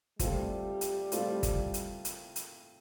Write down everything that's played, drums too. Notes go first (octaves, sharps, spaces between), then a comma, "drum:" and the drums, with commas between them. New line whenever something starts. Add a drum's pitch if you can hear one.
G3 A3 C4 F4, drum: kick G1, hi-hat
drum: hi-hat
A3 C4 F4, drum: hi-hat
drum: kick G1, hi-hat
drum: hi-hat
drum: hi-hat
drum: hi-hat